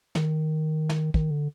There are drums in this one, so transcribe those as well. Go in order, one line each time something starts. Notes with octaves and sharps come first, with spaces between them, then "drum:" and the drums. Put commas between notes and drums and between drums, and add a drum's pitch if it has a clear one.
D#3, drum: snare
drum: snare
D#3, drum: kick
D3